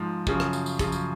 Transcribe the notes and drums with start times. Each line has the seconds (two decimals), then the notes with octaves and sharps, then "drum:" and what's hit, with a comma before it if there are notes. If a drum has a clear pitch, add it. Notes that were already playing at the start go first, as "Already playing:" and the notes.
Already playing: G#2 F3
0.27 F#2 C#3 F3, drum: kick
0.40 drum: rim click
0.53 drum: tambourine
0.66 drum: tambourine
0.79 F#2 C#3 F3, drum: kick, tambourine
0.92 drum: tambourine